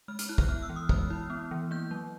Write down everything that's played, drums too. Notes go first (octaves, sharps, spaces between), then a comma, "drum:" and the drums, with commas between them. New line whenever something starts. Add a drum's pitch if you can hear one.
G#3 F6
F6, drum: hi-hat
E4 F#6
F6, drum: kick
B3 F6
E6
E3
D#6
G#3 F6, drum: kick
E4
B3
E3
A#3 G6
F#3